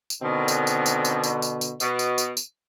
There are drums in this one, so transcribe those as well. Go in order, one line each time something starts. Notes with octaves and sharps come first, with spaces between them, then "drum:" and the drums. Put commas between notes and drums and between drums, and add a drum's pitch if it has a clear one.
drum: tambourine
B2 D3 D#3 C4
drum: tambourine
drum: tambourine
drum: tambourine
drum: tambourine
drum: tambourine
drum: tambourine
drum: tambourine
B2, drum: tambourine
drum: tambourine
drum: tambourine
drum: tambourine